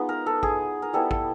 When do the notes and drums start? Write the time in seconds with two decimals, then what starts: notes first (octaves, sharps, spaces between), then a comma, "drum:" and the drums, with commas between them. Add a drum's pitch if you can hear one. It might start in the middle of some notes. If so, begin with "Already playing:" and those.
Already playing: G#3 B3 D#4 F4
0.09 A#4
0.26 A4
0.43 G#4, drum: kick
0.82 A#4
0.93 G3 B3 E4 A4
1.11 A4, drum: kick